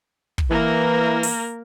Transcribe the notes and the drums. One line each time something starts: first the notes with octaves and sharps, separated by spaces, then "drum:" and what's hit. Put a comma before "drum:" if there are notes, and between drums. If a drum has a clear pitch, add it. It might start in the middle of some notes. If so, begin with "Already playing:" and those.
drum: kick
E3 A#3 A#4
drum: open hi-hat